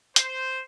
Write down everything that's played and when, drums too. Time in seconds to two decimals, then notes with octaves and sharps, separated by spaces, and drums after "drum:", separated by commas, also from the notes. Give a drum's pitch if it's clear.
0.16 C5, drum: hi-hat